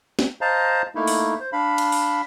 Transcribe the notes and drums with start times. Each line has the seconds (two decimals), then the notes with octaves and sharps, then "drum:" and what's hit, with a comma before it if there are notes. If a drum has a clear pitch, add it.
0.19 drum: snare
0.41 C5 D#5 F5 A5 A#5
0.95 A3 A#3 D#4 E4
1.07 drum: open hi-hat
1.40 C5
1.52 D4 F5 B5
1.78 drum: cymbal
1.92 drum: open hi-hat